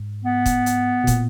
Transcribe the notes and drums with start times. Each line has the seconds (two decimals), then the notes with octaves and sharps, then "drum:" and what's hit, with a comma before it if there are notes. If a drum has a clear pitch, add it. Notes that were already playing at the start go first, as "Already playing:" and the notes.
Already playing: G#2
0.25 B3
0.46 drum: kick, hi-hat
0.66 drum: hi-hat
1.03 B2
1.07 A#2, drum: kick, hi-hat